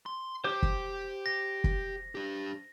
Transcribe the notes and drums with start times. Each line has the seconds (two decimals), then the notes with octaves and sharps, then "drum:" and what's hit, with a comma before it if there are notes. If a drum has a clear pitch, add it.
0.06 C6
0.44 G4 C5 G5 D6
0.63 drum: kick
1.26 A#6
1.64 drum: kick
2.15 D4 G4